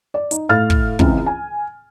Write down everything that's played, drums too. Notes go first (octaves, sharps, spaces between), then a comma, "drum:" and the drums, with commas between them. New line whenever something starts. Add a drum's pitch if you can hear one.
D5
D#4, drum: hi-hat
A2 F5 F6 A6
drum: kick
C#2 E3 C4, drum: kick
G#5